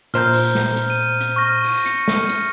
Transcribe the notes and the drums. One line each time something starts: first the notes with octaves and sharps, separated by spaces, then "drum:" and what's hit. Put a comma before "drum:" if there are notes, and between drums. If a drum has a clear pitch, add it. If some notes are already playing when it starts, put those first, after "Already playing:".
A#2 C5 A#5 F6 G6, drum: hi-hat
drum: open hi-hat
drum: snare
drum: hi-hat
D#7
drum: hi-hat
C#6 F6 A#6
drum: open hi-hat
C#7, drum: hi-hat
drum: snare
drum: hi-hat